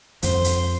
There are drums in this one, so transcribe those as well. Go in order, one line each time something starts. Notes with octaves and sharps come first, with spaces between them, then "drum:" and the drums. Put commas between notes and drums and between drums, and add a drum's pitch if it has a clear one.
F2 C5, drum: hi-hat
drum: hi-hat